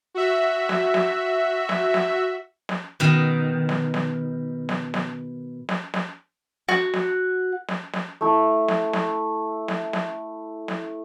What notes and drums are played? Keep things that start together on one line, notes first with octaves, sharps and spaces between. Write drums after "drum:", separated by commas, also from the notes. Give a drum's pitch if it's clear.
F#4 E5
drum: snare
drum: snare
drum: snare
drum: snare
drum: snare
B2 D#3
drum: snare
drum: snare
drum: snare
drum: snare
drum: snare
drum: snare
F#4, drum: snare
drum: snare
drum: snare
drum: snare
A3 E4
drum: snare
drum: snare
drum: snare
drum: snare
drum: snare